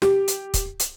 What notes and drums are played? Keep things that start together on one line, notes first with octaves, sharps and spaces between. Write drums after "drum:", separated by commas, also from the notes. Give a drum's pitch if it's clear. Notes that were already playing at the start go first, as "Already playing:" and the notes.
G4, drum: snare
drum: hi-hat
drum: kick, hi-hat
drum: hi-hat